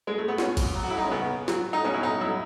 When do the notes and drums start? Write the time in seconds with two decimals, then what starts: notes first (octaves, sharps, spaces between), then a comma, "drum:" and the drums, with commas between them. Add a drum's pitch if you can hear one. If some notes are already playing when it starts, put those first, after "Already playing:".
0.07 G#3
0.18 A3
0.28 B3
0.38 B2 C#4, drum: snare F4
0.57 drum: kick, cymbal
0.75 F#3
0.83 F#4
0.90 E4
0.98 D#4
1.04 C#4
1.11 C#3 B3
1.48 F#3, drum: snare F4
1.73 D#4
1.84 B2 C#4
1.94 E4
2.03 D#4
2.21 F#3 E4